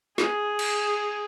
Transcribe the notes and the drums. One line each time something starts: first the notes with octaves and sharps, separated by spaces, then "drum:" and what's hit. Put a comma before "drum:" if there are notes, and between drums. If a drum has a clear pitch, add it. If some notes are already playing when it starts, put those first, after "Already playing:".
G#4, drum: snare
drum: cymbal